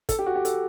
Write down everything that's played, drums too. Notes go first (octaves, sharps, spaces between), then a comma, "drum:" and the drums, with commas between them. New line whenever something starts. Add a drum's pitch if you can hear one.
A4, drum: kick, hi-hat
G4
F#4
G4
A4, drum: hi-hat